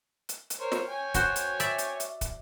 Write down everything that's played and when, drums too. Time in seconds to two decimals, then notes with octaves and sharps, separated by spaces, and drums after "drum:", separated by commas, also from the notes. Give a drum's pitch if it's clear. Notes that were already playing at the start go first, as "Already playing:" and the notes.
0.29 drum: hi-hat
0.50 drum: hi-hat
0.60 A#4 C5 C#5
0.72 drum: snare
0.89 C#5 G5 G#5
1.14 F#4 C5, drum: kick, hi-hat
1.36 drum: hi-hat
1.60 D5 E5, drum: hi-hat
1.79 drum: hi-hat
2.00 drum: hi-hat
2.21 drum: kick, hi-hat